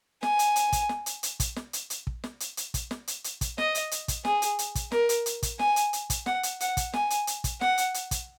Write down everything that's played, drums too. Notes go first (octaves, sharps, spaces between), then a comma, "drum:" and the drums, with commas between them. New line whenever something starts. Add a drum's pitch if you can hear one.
G#5, drum: snare
drum: hi-hat
drum: hi-hat
drum: kick, hi-hat
drum: snare
drum: hi-hat
drum: hi-hat
drum: kick, hi-hat
drum: snare
drum: hi-hat
drum: hi-hat
drum: kick
drum: snare
drum: hi-hat
drum: hi-hat
drum: kick, hi-hat
drum: snare
drum: hi-hat
drum: hi-hat
drum: kick, hi-hat
D#5, drum: snare
drum: hi-hat
drum: hi-hat
drum: kick, hi-hat
G#4, drum: snare
drum: hi-hat
drum: hi-hat
drum: kick, hi-hat
A#4, drum: snare
drum: hi-hat
drum: hi-hat
drum: kick, hi-hat
G#5, drum: snare
drum: hi-hat
drum: hi-hat
drum: kick, hi-hat
F#5, drum: snare
drum: hi-hat
F#5, drum: hi-hat
drum: kick, hi-hat
G#5, drum: snare
drum: hi-hat
drum: hi-hat
drum: kick, hi-hat
F#5, drum: snare
drum: hi-hat
drum: hi-hat
drum: kick, hi-hat